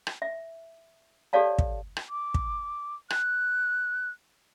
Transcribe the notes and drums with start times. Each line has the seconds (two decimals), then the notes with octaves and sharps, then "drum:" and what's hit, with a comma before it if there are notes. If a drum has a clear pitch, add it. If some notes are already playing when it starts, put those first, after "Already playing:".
0.07 drum: rim click
0.22 E5
1.33 G4 A4 C#5 D5 F5 A5
1.59 drum: kick
1.96 drum: rim click
2.10 D6
2.34 drum: kick
3.10 F#6, drum: rim click